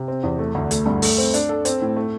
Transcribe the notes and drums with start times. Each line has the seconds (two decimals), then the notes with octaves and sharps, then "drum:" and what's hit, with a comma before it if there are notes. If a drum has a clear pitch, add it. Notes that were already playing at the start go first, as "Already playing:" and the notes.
Already playing: C3
0.08 C4
0.23 E2
0.39 A3
0.55 D2
0.71 A3, drum: hi-hat
0.86 G2
1.02 A3, drum: open hi-hat
1.18 C4
1.34 D4, drum: hi-hat
1.49 A4
1.65 C4, drum: hi-hat
1.81 A2
1.96 A3